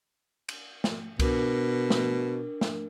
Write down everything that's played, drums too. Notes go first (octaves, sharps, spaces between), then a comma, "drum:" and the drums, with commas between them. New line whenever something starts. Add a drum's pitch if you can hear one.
drum: cymbal
drum: snare
B2 D4 A#4, drum: kick C2, cymbal
drum: snare
drum: snare